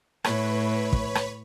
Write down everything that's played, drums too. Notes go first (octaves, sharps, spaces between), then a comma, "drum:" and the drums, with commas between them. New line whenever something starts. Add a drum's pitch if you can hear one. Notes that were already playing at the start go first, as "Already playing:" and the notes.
A2 B4 C#5 B5, drum: rim click
drum: kick
drum: rim click